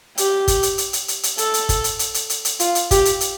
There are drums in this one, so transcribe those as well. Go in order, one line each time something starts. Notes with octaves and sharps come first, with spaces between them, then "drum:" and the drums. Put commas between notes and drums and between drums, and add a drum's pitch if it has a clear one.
G4, drum: hi-hat
drum: kick, hi-hat
drum: hi-hat
drum: hi-hat
drum: hi-hat
drum: hi-hat
drum: hi-hat
A4, drum: hi-hat
drum: hi-hat
drum: kick, hi-hat
drum: hi-hat
drum: hi-hat
drum: hi-hat
drum: hi-hat
drum: hi-hat
F4, drum: hi-hat
drum: hi-hat
G4, drum: kick, hi-hat
drum: hi-hat
drum: hi-hat